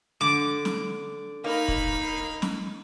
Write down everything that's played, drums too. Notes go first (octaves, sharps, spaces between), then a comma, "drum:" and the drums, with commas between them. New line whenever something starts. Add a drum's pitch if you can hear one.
D3 D6
drum: snare
A#3 D#4 B5
drum: kick
drum: snare